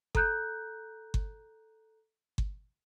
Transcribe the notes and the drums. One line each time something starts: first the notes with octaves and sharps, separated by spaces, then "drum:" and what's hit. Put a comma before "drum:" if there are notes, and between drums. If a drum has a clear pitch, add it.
A4 A#5 F#6 G6, drum: kick G1
drum: kick G1
drum: kick G1